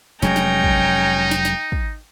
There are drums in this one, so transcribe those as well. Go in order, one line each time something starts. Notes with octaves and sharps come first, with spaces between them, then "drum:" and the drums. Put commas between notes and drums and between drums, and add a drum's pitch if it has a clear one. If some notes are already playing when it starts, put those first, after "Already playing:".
F1 F#3 G#3 C#4 D#4 G5 A#5, drum: snare
drum: snare
drum: kick
drum: snare
drum: snare
drum: kick